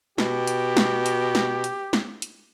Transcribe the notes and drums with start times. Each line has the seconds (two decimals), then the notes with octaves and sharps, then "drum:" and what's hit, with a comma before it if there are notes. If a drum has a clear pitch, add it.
0.18 B2 G4, drum: snare
0.47 drum: hi-hat
0.77 drum: snare
1.06 drum: hi-hat
1.35 drum: snare
1.64 drum: hi-hat
1.93 drum: snare
2.22 drum: hi-hat